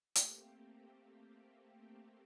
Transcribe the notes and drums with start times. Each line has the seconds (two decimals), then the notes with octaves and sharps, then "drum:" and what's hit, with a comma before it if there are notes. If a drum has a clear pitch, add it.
0.16 A3 A#3 C4 G4, drum: hi-hat